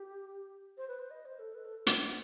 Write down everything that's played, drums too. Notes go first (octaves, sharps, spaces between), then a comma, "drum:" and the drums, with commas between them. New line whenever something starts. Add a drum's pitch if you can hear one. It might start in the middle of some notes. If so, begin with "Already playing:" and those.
Already playing: G4
C5
B4
C5
D#5
C5
A4
B4
A4
drum: hi-hat